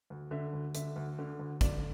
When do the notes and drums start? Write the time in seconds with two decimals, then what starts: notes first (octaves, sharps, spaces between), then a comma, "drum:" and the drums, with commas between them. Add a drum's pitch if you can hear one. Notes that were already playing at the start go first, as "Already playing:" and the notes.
0.10 D2
0.31 D3 E5
0.53 D2
0.75 D3 E5, drum: hi-hat
0.96 D2
1.19 D3
1.39 D2
1.61 D3 D5, drum: kick, hi-hat